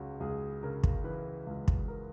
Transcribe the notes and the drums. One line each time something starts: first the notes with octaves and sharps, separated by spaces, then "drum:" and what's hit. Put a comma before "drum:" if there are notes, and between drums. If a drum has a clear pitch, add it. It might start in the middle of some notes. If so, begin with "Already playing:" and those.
Already playing: C#2 C#3 F#4
C#2 G#4
C#3 A#4
drum: kick
E3 B4
C#2
drum: kick
A#4